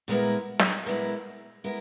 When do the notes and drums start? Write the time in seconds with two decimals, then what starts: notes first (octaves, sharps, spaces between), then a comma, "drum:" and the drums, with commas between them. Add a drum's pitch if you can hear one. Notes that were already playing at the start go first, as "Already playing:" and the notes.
0.08 A#2 G#3 B3 E4 A#4
0.59 drum: snare
0.86 A#2 G#3 B3 E4 A#4
1.64 G#3 B3 E4 A#4